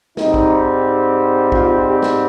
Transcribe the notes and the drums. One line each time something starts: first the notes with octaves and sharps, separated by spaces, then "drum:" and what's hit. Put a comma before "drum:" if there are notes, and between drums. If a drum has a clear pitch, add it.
G#2 G3 C4 D#4, drum: snare
drum: kick
F4, drum: kick
G4
drum: snare